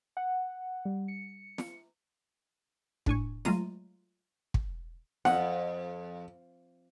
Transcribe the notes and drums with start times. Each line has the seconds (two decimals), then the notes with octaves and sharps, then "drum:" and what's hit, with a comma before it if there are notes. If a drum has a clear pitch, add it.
0.17 F#5
0.85 G3
1.08 C#7
1.58 drum: snare
3.06 A2 D4 G#5 C#6, drum: kick
3.45 F#3 G#3 A3 F4 A#5 D#7, drum: snare
4.54 drum: kick
5.25 F2 F#5, drum: snare